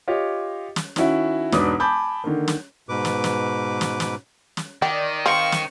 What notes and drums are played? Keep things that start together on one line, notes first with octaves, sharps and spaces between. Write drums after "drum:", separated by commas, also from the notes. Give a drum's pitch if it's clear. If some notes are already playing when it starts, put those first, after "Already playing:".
F4 G4 C#5 D#5
drum: snare
D#3 C#4 E4 F#4, drum: snare
E1 G#2 D4 B4 D6 D#6, drum: snare
G#5 A5 B5 D6 G6
D3 D#3 A#3
drum: snare
G#2 B2 B4 D6
drum: snare
drum: snare
drum: snare
drum: snare
drum: snare
D#3 D5 G5
C4 F5 C#6
drum: snare